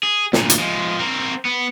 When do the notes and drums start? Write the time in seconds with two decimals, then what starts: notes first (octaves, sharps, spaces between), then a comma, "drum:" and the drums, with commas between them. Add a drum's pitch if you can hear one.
0.03 G#4
0.33 D2 A#2, drum: snare
0.50 drum: hi-hat
0.59 F3 G#3
0.99 C4 A#4
1.45 B3